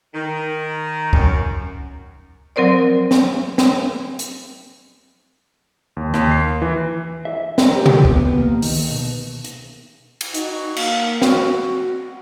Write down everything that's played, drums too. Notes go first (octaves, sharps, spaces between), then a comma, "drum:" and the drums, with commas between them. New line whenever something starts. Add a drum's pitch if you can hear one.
D#3
F#2, drum: kick
F3 F#3 C4 A#4 C5 D5
drum: snare
drum: snare
drum: hi-hat
D#2
D#2, drum: rim click
C7
E3
E5
A#4, drum: snare
G4
drum: tom B2
B3, drum: kick
A#3
D#3, drum: open hi-hat
B2
drum: hi-hat
drum: cymbal
D#4 F#4, drum: hi-hat
A#3 F5, drum: cymbal
F#4, drum: snare